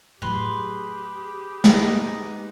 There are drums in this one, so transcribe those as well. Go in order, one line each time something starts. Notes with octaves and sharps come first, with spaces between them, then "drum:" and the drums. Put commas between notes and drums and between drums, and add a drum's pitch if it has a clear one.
A2 F#3 G4 G#4 B4 C6
G#3 B3 D#4, drum: snare